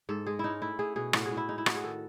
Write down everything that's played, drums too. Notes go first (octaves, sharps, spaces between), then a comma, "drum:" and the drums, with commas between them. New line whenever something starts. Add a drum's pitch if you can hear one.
G#2 A4
G#3 G#4
C#4 D#4 E4
A3 E4
A3 G#4
B2 G#4
A2 F#4, drum: rim click
G#4
A2
E4
G#3 D#4
E4
A2 F#4, drum: rim click
G#4
D#3 A4